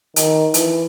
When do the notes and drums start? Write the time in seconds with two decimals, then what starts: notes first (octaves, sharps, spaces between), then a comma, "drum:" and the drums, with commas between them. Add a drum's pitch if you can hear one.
0.16 D#3, drum: hi-hat
0.54 E3, drum: hi-hat